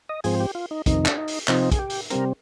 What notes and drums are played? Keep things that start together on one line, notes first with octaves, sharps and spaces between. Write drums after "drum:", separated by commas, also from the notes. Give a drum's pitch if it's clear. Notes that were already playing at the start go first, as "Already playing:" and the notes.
D#5
G#2 F3 C4 G#4, drum: open hi-hat
G4
F4
D#4
F2 C3 D#3 D#4, drum: kick, hi-hat
D4, drum: clap
D#4
drum: open hi-hat
C3 F3 C4 D#4, drum: clap
G#4, drum: kick, hi-hat
G4
drum: open hi-hat
C3 G3 C4 A#4, drum: hi-hat